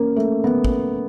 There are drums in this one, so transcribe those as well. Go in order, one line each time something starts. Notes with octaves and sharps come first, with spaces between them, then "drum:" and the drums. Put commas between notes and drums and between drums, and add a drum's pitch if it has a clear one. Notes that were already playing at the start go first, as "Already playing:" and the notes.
Already playing: A#3 C#4
A3
B3
drum: kick